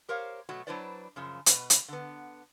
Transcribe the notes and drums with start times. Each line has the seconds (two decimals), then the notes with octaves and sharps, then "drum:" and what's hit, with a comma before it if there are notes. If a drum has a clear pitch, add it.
0.09 G4 A#4 C5 C#5 F5
0.49 B2 F#3 A3 F#4
0.67 F#3 D4 E4 B4 C5 D5
1.16 F#2 C#3 F3
1.46 B2 B4, drum: hi-hat
1.70 drum: hi-hat
1.88 D3 B3